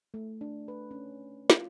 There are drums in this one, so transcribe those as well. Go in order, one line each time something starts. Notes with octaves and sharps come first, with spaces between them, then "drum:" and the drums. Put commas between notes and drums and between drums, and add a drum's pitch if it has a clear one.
A3
D4
B4
C#4
F4, drum: snare